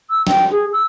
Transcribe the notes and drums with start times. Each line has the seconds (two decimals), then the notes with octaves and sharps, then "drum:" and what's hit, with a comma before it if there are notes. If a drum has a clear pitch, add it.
0.10 E6
0.27 G5, drum: snare
0.51 G#4
0.72 E6